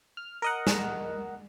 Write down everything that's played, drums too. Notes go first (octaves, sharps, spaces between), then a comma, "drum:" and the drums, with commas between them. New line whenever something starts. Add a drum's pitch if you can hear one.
F6
A#4 D#5 F#5
drum: snare